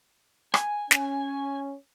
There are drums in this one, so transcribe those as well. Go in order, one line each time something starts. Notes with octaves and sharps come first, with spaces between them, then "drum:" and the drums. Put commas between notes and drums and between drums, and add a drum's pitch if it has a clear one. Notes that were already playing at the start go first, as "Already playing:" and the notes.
G#5, drum: rim click
C#4, drum: snare